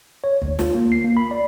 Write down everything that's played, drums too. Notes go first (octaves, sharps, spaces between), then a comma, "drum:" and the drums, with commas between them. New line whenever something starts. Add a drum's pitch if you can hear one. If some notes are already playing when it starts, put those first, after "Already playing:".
C#5
D2, drum: kick
F4, drum: snare
A#3
C7
A#3
B5
D5